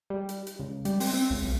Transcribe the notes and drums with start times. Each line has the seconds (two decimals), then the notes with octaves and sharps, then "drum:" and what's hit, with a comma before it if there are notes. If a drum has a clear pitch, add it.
0.10 G3
0.29 drum: hi-hat
0.47 drum: hi-hat
0.59 C#2
0.85 G3, drum: hi-hat
1.00 C4, drum: open hi-hat
1.14 C4
1.30 C#2
1.45 B1